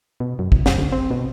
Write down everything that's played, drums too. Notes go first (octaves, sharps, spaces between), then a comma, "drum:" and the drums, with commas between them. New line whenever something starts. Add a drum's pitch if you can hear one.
B2
F#2
C2, drum: kick
F#1, drum: snare
D2
C4
B2